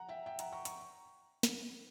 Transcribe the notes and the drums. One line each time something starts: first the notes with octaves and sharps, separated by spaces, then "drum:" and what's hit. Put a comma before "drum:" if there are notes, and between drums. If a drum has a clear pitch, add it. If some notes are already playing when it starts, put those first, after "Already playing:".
Already playing: F#5 A#5
E5 G5
E5 G5
F#5 A#5, drum: hi-hat
A#5 C#6
A#5 C#6, drum: hi-hat
drum: snare